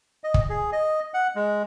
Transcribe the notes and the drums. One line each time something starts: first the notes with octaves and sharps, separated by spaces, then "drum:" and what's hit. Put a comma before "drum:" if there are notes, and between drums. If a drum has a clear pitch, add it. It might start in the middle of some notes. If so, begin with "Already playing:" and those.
D#5
drum: kick
G#4
D#5
F#5
G#3